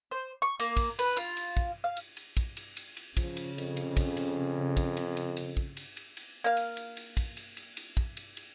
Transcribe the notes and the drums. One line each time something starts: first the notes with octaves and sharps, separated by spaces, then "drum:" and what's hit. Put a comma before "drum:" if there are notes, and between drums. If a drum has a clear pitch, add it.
C5
C#6
A#3, drum: cymbal
drum: kick, cymbal
B4, drum: cymbal
F4, drum: cymbal
drum: cymbal
drum: kick
F5
drum: cymbal
drum: cymbal
drum: kick, cymbal
drum: cymbal
drum: cymbal
drum: cymbal
C#3 F3, drum: kick, cymbal
drum: cymbal
F2, drum: cymbal
drum: cymbal
drum: kick, cymbal
drum: cymbal
drum: kick, cymbal
drum: cymbal
drum: cymbal
drum: cymbal
drum: kick
drum: cymbal
drum: cymbal
drum: cymbal
A#3 F5
drum: cymbal
drum: cymbal
drum: cymbal
drum: kick, cymbal
drum: cymbal
drum: cymbal
drum: cymbal
drum: kick
drum: cymbal
drum: cymbal